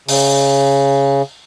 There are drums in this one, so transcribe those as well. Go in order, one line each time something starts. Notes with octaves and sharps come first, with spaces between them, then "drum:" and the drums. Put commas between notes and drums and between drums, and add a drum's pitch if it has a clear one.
C#3, drum: open hi-hat